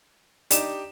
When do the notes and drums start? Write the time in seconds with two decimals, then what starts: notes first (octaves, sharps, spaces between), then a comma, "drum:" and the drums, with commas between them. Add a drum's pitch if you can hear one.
0.51 D4 D#4 G4 E7, drum: hi-hat